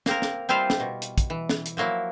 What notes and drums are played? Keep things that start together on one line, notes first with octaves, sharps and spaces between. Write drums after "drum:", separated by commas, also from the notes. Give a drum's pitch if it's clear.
A#3 C4 A#4, drum: snare
drum: snare
G3 C4 E4 F4 C5 F5
drum: snare
B2
drum: hi-hat
drum: kick, hi-hat
E3
drum: snare
drum: hi-hat
F3 F#3 A#3 E4